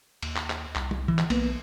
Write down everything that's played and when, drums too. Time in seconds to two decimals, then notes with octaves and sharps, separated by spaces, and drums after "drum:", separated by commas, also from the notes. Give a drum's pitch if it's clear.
0.22 D#2, drum: cymbal
0.36 drum: clap
0.50 drum: clap
0.75 C2, drum: clap
0.91 drum: tom
1.08 E3
1.19 drum: clap
1.30 B1 A#3 B3, drum: cymbal